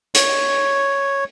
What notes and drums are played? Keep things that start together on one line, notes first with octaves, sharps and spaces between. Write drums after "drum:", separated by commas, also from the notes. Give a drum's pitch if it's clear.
C#5, drum: hi-hat